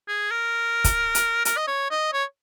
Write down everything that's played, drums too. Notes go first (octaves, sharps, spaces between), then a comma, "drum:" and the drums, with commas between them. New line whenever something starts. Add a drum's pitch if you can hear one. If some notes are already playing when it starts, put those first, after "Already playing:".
G#4
A#4
drum: kick, hi-hat
drum: hi-hat
A#4, drum: hi-hat
D#5
C#5
D#5
C#5